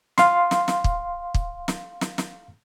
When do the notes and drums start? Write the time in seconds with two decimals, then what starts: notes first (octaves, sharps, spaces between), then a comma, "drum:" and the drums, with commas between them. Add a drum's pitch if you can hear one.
0.18 F5 C6, drum: snare
0.51 drum: snare
0.68 drum: snare
0.84 drum: kick
1.34 drum: kick
1.68 drum: snare
2.01 drum: snare
2.18 drum: snare